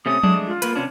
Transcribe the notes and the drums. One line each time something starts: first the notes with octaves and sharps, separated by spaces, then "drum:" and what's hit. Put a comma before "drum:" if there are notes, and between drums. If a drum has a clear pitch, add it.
C3 A3 C#4 D#6
G#3 A3 D4, drum: tom F3
F4
A#3 B4, drum: hi-hat
C3 C#4 D4